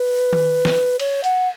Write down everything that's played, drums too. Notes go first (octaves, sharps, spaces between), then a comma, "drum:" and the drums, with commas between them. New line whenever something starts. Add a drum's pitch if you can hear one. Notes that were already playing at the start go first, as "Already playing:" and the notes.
Already playing: B4
drum: tom D#3
drum: snare
C#5, drum: cymbal
F#5, drum: hi-hat